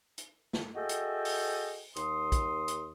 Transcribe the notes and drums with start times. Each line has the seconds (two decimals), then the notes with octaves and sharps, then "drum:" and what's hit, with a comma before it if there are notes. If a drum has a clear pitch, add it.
0.18 drum: hi-hat
0.53 drum: snare
0.76 F#4 G#4 A4 D#5 E5 G5
0.89 drum: hi-hat
1.25 drum: open hi-hat
1.96 D#2 C6 D#6, drum: hi-hat
2.32 drum: kick, hi-hat
2.68 drum: hi-hat